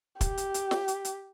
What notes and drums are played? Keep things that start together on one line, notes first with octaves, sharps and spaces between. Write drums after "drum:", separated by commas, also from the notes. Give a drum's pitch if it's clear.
G4, drum: kick, hi-hat
drum: hi-hat
drum: hi-hat
drum: snare
drum: hi-hat
drum: hi-hat